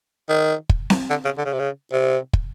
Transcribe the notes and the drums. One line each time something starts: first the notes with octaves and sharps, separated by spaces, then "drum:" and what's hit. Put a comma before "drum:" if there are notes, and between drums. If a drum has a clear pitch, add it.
D#3
drum: kick
drum: snare C4
D3
C#3
D3
C#3
C3
C#3
C3
drum: kick